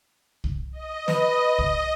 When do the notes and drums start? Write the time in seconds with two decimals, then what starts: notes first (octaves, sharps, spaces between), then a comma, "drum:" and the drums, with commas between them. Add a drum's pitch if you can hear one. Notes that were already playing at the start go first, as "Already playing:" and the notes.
0.44 drum: kick C2
0.73 D#5
1.08 B4, drum: snare
1.59 drum: kick C2